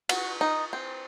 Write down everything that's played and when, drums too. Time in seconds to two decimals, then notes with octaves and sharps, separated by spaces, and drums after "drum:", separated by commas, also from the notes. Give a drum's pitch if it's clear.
0.09 F#4, drum: cymbal
0.41 D#4
0.73 C4